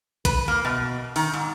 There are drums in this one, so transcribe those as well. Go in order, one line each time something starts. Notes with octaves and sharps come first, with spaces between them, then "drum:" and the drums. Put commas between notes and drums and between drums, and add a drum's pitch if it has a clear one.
B4, drum: kick A#1, hi-hat
A#3
B2
D#3, drum: open hi-hat
G#2